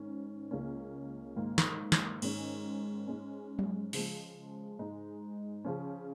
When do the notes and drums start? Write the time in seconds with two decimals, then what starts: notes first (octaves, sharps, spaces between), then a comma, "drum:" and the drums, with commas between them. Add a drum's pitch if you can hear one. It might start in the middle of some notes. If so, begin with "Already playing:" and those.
Already playing: G#2 D#3 C#4
0.51 C#2 C#3 A#3 C#4
1.36 G#2 D#3 A#3
1.58 drum: snare
1.92 drum: snare
2.22 G#2 D#3 G#3 C#4, drum: cymbal
3.07 G#2 G#3 C#4
3.59 drum: tom F#3
3.93 C#3 F3 G#3, drum: open hi-hat
4.79 G#2 G#3 D#4
5.65 C#3 F3 C#4